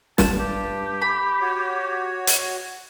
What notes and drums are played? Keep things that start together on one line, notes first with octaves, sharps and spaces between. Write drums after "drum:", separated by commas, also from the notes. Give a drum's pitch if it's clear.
G2 A5, drum: snare
G4
B5
F#4 C#5
drum: hi-hat